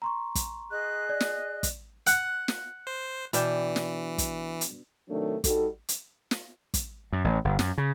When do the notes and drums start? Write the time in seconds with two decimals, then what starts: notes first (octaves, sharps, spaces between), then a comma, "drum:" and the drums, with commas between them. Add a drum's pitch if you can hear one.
0.02 A#5 C6 C#6
0.35 drum: kick, hi-hat
0.70 G#4 D#5 F#6
1.09 D5
1.20 drum: snare
1.63 drum: kick, hi-hat
2.07 F#5, drum: hi-hat
2.48 drum: snare
2.87 C5
3.33 B2 E3 D4 G5, drum: hi-hat
3.76 drum: snare
4.18 drum: kick, hi-hat
4.61 drum: hi-hat
5.09 C3 D#3 F#3 A3 D4
5.44 G3 D#4 F#4 A4, drum: kick, hi-hat
5.89 drum: hi-hat
6.31 drum: snare
6.74 drum: kick, hi-hat
7.13 F#2
7.24 A1
7.45 G1
7.59 F#2, drum: snare
7.78 C#3